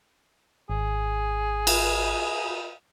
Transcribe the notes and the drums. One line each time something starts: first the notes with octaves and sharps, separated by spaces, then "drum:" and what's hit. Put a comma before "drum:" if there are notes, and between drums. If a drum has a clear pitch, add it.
G#1 G#4
drum: cymbal